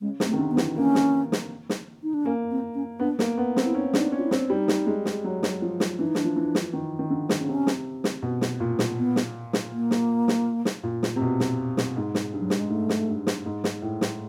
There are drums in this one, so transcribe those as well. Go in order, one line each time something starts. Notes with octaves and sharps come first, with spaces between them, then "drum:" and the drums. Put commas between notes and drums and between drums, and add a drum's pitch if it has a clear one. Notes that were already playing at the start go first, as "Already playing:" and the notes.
C#3 G#3
C3, drum: snare
A3
D#3
D3
B3
E3, drum: snare
A#3 C#4
drum: snare
drum: snare
drum: snare
D#4
D4
A#3 C#4
C4
C#4
B3 D4
A#3, drum: snare
B3
C4, drum: snare
E4
C#4 D#4
D4, drum: snare
D#4
C#4
F4
E4
C4, drum: snare
G3 D#4
drum: snare
G#3
drum: snare
F#3
drum: snare
F3
drum: snare
E3 D4
D#4
D4, drum: snare
F3
E3
drum: snare
D#3
D#3
D3
drum: snare
C#3
C3 C#4
drum: snare
drum: snare
B2
drum: snare
A#2
drum: snare
B3
drum: snare
drum: snare
A#3
drum: snare
drum: snare
drum: snare
A#2
drum: snare
C3
B2
drum: snare
drum: snare
G#2
drum: snare
G2
F#3
G3, drum: snare
G#3
G#2 A3
drum: snare
G2
drum: snare
G#2
drum: snare
A2
drum: snare